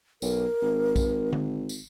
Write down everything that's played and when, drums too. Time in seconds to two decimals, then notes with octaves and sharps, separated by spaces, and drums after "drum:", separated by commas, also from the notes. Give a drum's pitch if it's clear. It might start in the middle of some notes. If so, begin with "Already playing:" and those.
0.22 B1 A#4, drum: tambourine
0.62 G#1
0.96 drum: kick B1, tambourine
1.33 drum: tom D3
1.69 drum: tambourine